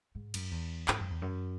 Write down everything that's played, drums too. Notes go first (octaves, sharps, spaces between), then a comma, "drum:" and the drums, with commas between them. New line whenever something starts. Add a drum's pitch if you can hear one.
G#2
F#2, drum: cymbal
E2
G#2, drum: clap
F#2
E2
F#2